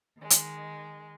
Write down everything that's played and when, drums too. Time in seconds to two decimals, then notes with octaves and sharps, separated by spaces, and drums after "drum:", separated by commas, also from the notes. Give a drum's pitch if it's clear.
0.18 D#3 G#3
0.30 drum: hi-hat